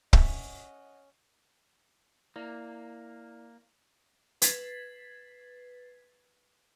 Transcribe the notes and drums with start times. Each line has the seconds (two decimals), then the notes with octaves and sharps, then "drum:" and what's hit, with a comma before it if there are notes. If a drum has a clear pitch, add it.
0.13 C#4 D#5 E5 F#5, drum: kick
2.36 A#3 E4 D5
4.42 B4 G#6 A6 B6 C7, drum: hi-hat